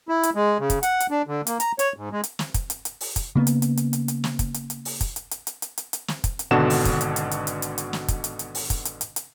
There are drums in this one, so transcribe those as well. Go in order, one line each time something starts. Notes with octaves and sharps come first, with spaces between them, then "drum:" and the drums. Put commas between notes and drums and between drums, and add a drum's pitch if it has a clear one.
E4
drum: hi-hat
G#3
C#3
drum: kick, hi-hat
F#5, drum: hi-hat
drum: hi-hat
D4
D3
A#3, drum: hi-hat
A#5, drum: hi-hat
C#5, drum: hi-hat
G#2
G#3
drum: hi-hat
drum: snare
drum: kick, hi-hat
drum: hi-hat
drum: hi-hat
drum: open hi-hat
drum: kick, hi-hat
C#3 A#3 B3
drum: hi-hat
drum: hi-hat
drum: hi-hat
drum: hi-hat
drum: hi-hat
drum: snare
drum: kick, hi-hat
drum: hi-hat
drum: hi-hat
drum: open hi-hat
drum: kick, hi-hat
drum: hi-hat
drum: hi-hat
drum: hi-hat
drum: hi-hat
drum: hi-hat
drum: hi-hat
drum: snare
drum: kick, hi-hat
drum: hi-hat
G#1 B2 D3 D4 F#4 E7
drum: open hi-hat
drum: kick, hi-hat
drum: hi-hat
drum: hi-hat
drum: hi-hat
drum: hi-hat
drum: hi-hat
drum: hi-hat
drum: snare
drum: kick, hi-hat
drum: hi-hat
drum: hi-hat
drum: open hi-hat
drum: kick, hi-hat
drum: hi-hat
drum: hi-hat
drum: hi-hat